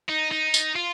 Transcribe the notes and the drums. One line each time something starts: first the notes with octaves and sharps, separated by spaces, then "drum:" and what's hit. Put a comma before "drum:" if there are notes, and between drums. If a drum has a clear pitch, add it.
D#4
D#4
drum: tambourine
F4